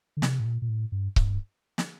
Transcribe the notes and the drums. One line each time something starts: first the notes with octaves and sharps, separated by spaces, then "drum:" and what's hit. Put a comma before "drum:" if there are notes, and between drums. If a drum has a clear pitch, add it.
D3
C3, drum: snare
A2
A#2
A#2
A2
G2
G2, drum: kick C#1
drum: snare